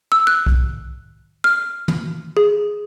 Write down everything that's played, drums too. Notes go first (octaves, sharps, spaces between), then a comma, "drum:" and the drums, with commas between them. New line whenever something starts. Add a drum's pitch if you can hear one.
E6
F#6
drum: kick B1
F6
drum: tom
G#4